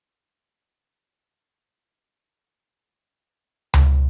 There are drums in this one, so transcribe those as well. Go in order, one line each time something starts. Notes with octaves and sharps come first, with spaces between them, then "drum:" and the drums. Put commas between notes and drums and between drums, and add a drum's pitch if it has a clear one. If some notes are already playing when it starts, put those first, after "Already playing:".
Already playing: G#2 F3 C5
G#4
E5
G2 E3 F5
G5
G2 F3 G5
F2 E3 A#4
drum: tom C#2